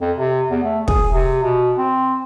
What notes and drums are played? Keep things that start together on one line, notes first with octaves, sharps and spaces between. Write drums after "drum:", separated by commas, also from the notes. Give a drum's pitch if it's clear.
F2
C3
E2
A3
G#4, drum: kick
C3
B2
C4